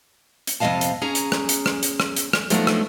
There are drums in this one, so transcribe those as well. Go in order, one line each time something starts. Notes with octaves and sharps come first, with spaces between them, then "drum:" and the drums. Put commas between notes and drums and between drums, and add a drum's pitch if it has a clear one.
drum: hi-hat
F2 C3 A3 D#5 F5 A5
drum: hi-hat
C#4 G#4 A#5
drum: hi-hat
drum: rim click
drum: hi-hat
drum: rim click
drum: hi-hat
drum: rim click
drum: hi-hat
drum: rim click
F3 F#3 A3 B3 D4 D#4, drum: hi-hat
drum: rim click